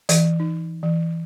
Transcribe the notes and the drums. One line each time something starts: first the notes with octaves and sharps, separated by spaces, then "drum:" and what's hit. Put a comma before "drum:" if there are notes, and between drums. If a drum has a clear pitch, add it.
E3, drum: hi-hat
D#4
E3